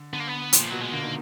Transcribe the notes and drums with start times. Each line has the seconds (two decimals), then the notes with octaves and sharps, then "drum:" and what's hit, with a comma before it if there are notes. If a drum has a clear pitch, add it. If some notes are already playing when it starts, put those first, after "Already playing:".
Already playing: D3
0.13 D3 B3
0.20 A#3
0.28 B3
0.53 A#2, drum: hi-hat
0.58 F3
0.70 B2 F#3
0.81 G#3
0.92 D3 A#3
1.02 D#3